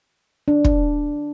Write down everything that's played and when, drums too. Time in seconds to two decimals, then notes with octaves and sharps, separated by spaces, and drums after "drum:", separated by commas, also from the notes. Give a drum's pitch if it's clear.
0.48 D4
0.65 drum: kick